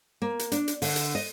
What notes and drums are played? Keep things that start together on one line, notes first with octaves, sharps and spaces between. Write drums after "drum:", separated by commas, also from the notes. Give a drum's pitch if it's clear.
A#3
drum: hi-hat
D4, drum: hi-hat
drum: hi-hat
D3, drum: open hi-hat
drum: hi-hat
D#5